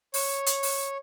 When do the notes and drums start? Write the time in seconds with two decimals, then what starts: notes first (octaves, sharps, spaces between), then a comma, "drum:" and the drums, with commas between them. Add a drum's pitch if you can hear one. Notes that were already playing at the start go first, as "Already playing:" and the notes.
0.14 C#5, drum: open hi-hat
0.46 drum: hi-hat
0.63 drum: open hi-hat